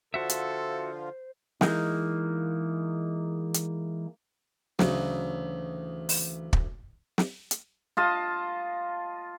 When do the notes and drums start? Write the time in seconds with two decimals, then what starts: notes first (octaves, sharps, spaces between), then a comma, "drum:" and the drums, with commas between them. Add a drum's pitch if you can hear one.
0.14 D3 F3 F4 F#4 A4 C5 E5
0.29 drum: hi-hat
1.61 E3 G#3 A#3 D#4, drum: snare
3.54 drum: hi-hat
4.79 D2 C#3 E3 F#3, drum: snare
6.09 drum: open hi-hat
6.53 drum: kick
7.18 drum: snare
7.51 drum: hi-hat
7.97 F4 D#5 A5